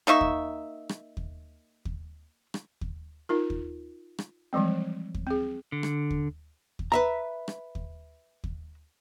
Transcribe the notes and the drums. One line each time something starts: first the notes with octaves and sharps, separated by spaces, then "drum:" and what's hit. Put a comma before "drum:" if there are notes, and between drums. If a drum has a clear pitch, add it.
A#3 D#4 E5 C#6
drum: kick
drum: rim click
drum: kick
drum: kick
drum: rim click
drum: kick
D#4 F4 A#4
drum: kick
drum: rim click
E3 F3 G3 G#3 C4
drum: kick
C4 G#4
D3
drum: rim click
drum: kick
drum: kick
B4 E5 A#5
drum: rim click
drum: kick
drum: kick